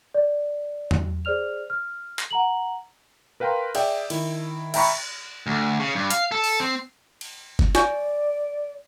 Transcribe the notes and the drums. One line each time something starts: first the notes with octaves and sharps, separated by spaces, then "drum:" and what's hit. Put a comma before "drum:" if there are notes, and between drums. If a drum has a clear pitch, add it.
D5
drum: tom E2
G#4 C5 D5 F6 F7
F6
drum: clap
F#5 A#5 F#7
A#4 B4 F5 G5 A#5 C6
G#4 D5 E5 G5, drum: cymbal
D#3 E4, drum: cymbal
E5 G5 A#5 B5 C#6, drum: cymbal
D2
C#3
G2
F5, drum: hi-hat
A4
drum: open hi-hat
C4
drum: cymbal
drum: kick G1
D5 G#5 C#6 G6, drum: snare